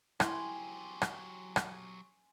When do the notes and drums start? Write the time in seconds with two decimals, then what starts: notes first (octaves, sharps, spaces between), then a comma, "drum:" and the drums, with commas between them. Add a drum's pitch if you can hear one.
0.20 F#3 E4 G4 G#5 C6, drum: rim click
1.02 drum: rim click
1.56 drum: rim click